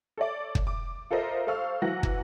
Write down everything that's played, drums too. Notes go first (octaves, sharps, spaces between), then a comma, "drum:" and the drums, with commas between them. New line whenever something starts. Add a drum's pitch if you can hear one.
A4 C#5 D5
drum: kick
D6
F4 A4 A#4 C5 D#5 E5
A4 C5 F5 C#6 E6 F6
E3 F#3 F#5 A#6
drum: kick